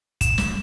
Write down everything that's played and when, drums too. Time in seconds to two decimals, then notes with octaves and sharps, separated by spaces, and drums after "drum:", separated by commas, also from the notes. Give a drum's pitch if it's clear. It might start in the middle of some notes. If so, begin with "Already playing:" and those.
0.21 E7, drum: kick, hi-hat
0.38 drum: snare